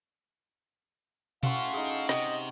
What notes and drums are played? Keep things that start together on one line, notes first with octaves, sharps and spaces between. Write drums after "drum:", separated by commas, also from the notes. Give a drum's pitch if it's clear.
C#4 E4 F#4 A4 F5 C6, drum: tom B2
D#4 G#4
C3 D#5 G5, drum: snare